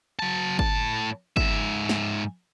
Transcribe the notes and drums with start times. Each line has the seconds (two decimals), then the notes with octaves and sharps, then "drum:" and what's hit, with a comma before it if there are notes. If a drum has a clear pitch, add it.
0.19 F#3 A5
0.59 A2 A5, drum: kick
1.37 G#2 E5, drum: kick
1.89 drum: snare